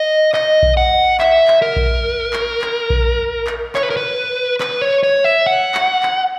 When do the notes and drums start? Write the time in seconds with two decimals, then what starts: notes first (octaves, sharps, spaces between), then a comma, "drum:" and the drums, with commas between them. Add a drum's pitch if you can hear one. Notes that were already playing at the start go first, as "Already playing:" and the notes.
Already playing: D#5
0.34 D#5, drum: clap
0.63 drum: kick A#1
0.77 F#5
1.20 E5, drum: clap
1.48 drum: clap
1.62 A#4
1.76 drum: kick A#1
2.33 drum: clap
2.62 drum: clap
2.90 drum: kick A#1
3.47 drum: clap
3.75 C#5, drum: clap
3.83 B4
3.90 A#4
3.97 B4
4.61 B4, drum: clap
4.81 C#5
5.03 C#5
5.24 E5
5.46 F#5
5.75 drum: clap
6.03 drum: clap